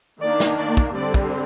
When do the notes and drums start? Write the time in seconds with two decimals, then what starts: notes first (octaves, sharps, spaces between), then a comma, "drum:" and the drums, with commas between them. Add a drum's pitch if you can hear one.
0.21 D#3 A#3 D4 D5
0.40 drum: snare
0.58 D5
0.77 drum: kick
0.96 D3 G3 C4 D5
1.14 drum: kick